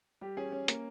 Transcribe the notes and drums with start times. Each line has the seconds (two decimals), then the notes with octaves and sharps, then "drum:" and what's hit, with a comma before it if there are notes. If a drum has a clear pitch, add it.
0.21 G3 G4
0.37 C#4 G#4
0.52 C#4
0.68 A#3, drum: hi-hat